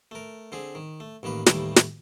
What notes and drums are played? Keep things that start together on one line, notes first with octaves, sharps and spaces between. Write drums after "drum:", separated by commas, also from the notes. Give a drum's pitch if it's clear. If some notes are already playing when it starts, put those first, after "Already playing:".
A3 A#4
D3 C4 G#4
D#3
A3
A1 D#3 A#3 B4
D#2 A2 D#3 E3 G3 A3, drum: snare
drum: snare